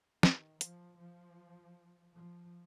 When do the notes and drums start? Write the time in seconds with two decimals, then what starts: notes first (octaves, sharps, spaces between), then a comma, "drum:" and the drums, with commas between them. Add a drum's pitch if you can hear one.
0.23 D#3, drum: snare
0.61 F3, drum: hi-hat
0.99 F3
2.13 F3